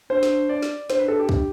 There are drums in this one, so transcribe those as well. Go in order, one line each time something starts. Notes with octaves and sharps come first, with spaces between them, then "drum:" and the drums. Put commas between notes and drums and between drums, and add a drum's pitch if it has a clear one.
D4 C5
drum: snare
D5
drum: snare
D4 C5, drum: snare
B4
A4
G4
drum: kick